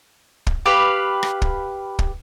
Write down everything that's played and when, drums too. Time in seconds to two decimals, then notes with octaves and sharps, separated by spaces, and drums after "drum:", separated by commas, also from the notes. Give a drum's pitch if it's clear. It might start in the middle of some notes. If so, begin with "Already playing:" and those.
0.47 drum: kick
0.66 G4 B4 F5
1.23 drum: rim click
1.42 drum: kick
1.99 drum: kick